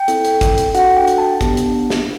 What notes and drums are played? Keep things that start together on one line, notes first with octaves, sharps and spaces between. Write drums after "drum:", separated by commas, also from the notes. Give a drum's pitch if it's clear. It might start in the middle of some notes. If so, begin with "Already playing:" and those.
Already playing: G5
C4 E4 A4, drum: hi-hat
drum: hi-hat
drum: kick, hi-hat
drum: hi-hat
D4 F#4 A4 F#5, drum: hi-hat
G5
drum: hi-hat
A5
B3 D4 G4, drum: kick, hi-hat
drum: hi-hat
drum: snare